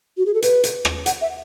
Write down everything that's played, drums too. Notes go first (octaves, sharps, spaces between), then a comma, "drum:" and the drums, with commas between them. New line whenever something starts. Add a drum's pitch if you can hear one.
F#4
G#4
A4
B4, drum: hi-hat
drum: hi-hat
drum: rim click
F#5, drum: hi-hat
E5